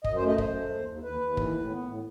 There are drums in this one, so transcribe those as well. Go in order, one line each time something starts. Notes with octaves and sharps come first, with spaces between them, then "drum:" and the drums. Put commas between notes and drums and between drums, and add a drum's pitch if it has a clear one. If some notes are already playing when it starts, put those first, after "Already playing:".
F#2 D#5, drum: kick
C5
A3
D#5
F#2 C5, drum: kick
A3
D#2
D#2
D#2 B4
D#2
E3, drum: kick
A2
B3
A2